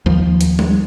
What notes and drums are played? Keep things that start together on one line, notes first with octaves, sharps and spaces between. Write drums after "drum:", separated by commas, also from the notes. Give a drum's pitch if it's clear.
D#2 F3
drum: hi-hat
drum: tom G3